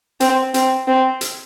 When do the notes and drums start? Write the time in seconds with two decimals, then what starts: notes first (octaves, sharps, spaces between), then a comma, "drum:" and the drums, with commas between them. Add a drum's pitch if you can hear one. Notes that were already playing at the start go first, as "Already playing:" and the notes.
0.20 C4, drum: hi-hat
0.54 C4, drum: hi-hat
0.87 C4
1.21 drum: hi-hat